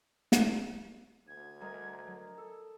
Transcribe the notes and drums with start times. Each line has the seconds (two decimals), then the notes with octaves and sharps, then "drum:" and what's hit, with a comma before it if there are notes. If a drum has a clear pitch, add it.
0.32 drum: snare
1.28 D2 G#6
1.61 G3 A#4 D#5 G#5
2.08 F#3
2.38 A4